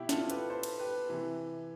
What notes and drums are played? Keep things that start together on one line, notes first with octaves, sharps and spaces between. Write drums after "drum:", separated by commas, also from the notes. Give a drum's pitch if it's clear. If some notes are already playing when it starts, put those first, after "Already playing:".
Already playing: B2 E4 G4
F4 A4, drum: snare
G4 B4, drum: hi-hat
A4 C5
drum: cymbal
G4 B4
C3 E3